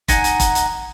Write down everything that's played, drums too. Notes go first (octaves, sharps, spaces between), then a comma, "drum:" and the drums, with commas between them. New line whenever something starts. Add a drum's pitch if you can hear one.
D#4 F#5 G#5, drum: kick F1, hi-hat
drum: hi-hat
drum: kick F1, hi-hat
drum: hi-hat